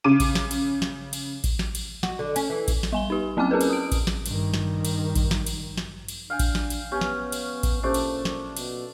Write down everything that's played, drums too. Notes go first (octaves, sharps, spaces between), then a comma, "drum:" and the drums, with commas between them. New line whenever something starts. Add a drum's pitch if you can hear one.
C#3 D6 D#7
drum: kick A1, cymbal
drum: snare
drum: cymbal
drum: snare
drum: cymbal
drum: kick A1, cymbal
drum: snare
drum: cymbal
F#4, drum: snare
D3
C#4, drum: cymbal
E3
drum: kick A1, cymbal
drum: snare
G3 G#5 G7
D#4 G4
F#3 C4 C#4 G5 D6 F6
C#4 G#4 A#4 B4
drum: cymbal
D#6 D7
drum: kick A1, cymbal
drum: snare
G2 D#3, drum: cymbal
drum: snare
drum: cymbal
drum: kick A1, cymbal
drum: snare
drum: cymbal
drum: snare
drum: cymbal
D4 F5 G5 G#5
drum: kick A1, cymbal
drum: snare
drum: cymbal
B3 C#4 G4 G#5
drum: snare
drum: cymbal
drum: kick A1, cymbal
A#2 A3 C#4 D4 G4 C5 D5
drum: cymbal
drum: snare
B2, drum: cymbal